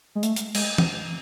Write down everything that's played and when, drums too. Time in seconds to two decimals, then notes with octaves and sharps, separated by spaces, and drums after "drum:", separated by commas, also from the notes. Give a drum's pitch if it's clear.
0.15 G#3
0.23 A3, drum: hi-hat
0.36 drum: hi-hat
0.54 G#3, drum: cymbal
0.78 drum: tom E3